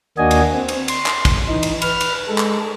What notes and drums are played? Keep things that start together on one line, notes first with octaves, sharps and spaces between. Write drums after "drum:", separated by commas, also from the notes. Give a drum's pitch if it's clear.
D#2 A#3 D4 F#4 D#5 G#5
drum: cymbal
C4
drum: cymbal
C6, drum: cymbal
drum: clap
drum: kick, cymbal
E3 D#4
drum: cymbal
B4 F6, drum: cymbal
drum: cymbal
G#3 A4
drum: clap